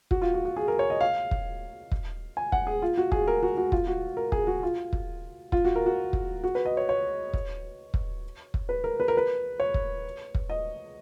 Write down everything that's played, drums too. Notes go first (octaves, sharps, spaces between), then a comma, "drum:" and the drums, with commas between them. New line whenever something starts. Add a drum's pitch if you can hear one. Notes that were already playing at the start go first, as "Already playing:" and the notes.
F#4, drum: kick
F4
F#4
F#4
G#4
A#4
C#5
D#5
F5
drum: kick
drum: kick
G#5
F#5, drum: kick
G#4
F4
F#4
G#4, drum: kick
A#4
F#4
F#4
F4, drum: kick
F#4
A#4
G#4, drum: kick
F#4
F4
drum: kick
F4, drum: kick
F#4
A#4
F#4
drum: kick
F#4
B4
D#5
C#5
C#5
drum: kick
drum: kick
drum: kick
B4
A#4
B4
A#4
B4
C#5
drum: kick
drum: kick
D#5